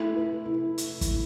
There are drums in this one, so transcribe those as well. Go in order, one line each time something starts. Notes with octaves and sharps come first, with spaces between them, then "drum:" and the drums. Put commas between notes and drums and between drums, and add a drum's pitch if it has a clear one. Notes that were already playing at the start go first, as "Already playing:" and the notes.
Already playing: A3 E4
B4
E4
drum: hi-hat
drum: kick, hi-hat